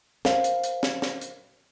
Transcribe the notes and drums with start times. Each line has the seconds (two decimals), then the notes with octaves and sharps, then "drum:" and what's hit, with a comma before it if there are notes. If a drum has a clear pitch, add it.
0.25 A#4 C5 F5, drum: snare
0.44 drum: hi-hat
0.64 drum: hi-hat
0.83 drum: snare
1.02 drum: snare
1.21 drum: hi-hat